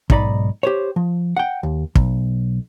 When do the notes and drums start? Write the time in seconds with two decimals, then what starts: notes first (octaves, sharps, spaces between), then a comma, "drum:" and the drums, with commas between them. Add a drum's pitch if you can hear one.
0.10 B1 G#2 D#4 D5 B5, drum: kick
0.63 G4 C5 C#5
0.96 F3
1.37 F#5 G5
1.63 D#2
1.95 B1, drum: kick